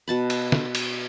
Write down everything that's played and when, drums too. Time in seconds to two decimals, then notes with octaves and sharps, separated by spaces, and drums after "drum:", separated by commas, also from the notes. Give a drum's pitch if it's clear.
0.08 B2 A5 B5
0.30 drum: cymbal
0.52 drum: snare
0.75 drum: cymbal